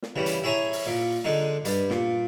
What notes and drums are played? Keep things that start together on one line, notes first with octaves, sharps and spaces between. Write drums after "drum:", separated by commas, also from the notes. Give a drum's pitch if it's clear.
drum: snare
C#3 E3 G3
drum: hi-hat
E4 G#4 C#5 G#5 A#5
drum: open hi-hat
A#2
D3 G#3 D#4
G2, drum: hi-hat
A#2, drum: snare